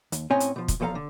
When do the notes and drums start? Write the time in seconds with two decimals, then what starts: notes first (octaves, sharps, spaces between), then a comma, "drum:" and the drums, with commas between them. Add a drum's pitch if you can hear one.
0.12 D#2, drum: hi-hat
0.30 A2 C4 C#4 C#5 D#5 G#5
0.40 drum: hi-hat
0.56 B2 F3
0.68 drum: kick, hi-hat
0.80 B1 E2 F3 A4 F5 A#5
0.95 D3